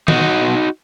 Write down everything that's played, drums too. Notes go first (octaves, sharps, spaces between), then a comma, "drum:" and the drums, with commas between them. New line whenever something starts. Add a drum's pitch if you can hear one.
B2 D#4 F#4, drum: tom
B2